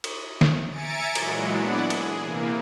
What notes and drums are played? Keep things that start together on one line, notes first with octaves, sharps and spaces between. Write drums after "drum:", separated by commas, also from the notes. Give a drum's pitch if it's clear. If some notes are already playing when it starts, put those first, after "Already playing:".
drum: cymbal
drum: snare
E5 G#5 A#5 A6 C#7 D7
A#2 E3 F#3 G#3, drum: cymbal
B3 D4 E4 D5 F#5
G#4, drum: cymbal
C3 E3 A#3